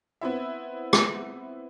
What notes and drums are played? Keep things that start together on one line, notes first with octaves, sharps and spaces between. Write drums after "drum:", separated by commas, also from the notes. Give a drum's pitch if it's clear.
B3 C4 E4 E5
drum: rim click